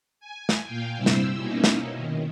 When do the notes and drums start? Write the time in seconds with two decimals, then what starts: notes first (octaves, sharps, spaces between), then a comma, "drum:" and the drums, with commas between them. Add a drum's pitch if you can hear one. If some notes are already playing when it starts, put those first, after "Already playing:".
0.20 G#5
0.49 drum: snare
0.64 A#2 F5 G5
0.97 G2 C3 G3 E4 C5 E6
1.06 drum: snare
1.36 B2 A#3 C#4 D#4 E4
1.64 drum: snare
1.96 D#3